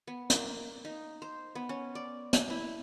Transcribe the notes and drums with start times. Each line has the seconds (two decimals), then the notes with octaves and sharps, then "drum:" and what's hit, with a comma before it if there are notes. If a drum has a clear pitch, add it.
0.07 B3
0.30 A#3, drum: hi-hat
0.85 D#4
1.22 C5
1.55 B3
1.69 C#4
1.95 D5
2.33 drum: hi-hat
2.50 E4